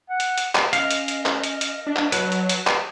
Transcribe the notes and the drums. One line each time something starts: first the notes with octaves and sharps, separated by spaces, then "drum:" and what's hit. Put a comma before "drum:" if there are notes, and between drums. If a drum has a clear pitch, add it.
F#5
drum: hi-hat
drum: hi-hat
drum: clap
C#4 A#4 D#5 F5, drum: hi-hat
drum: hi-hat
drum: hi-hat
drum: clap
drum: hi-hat
drum: hi-hat
D4 A5
drum: clap
F#3 B4, drum: hi-hat
drum: hi-hat
drum: hi-hat
drum: clap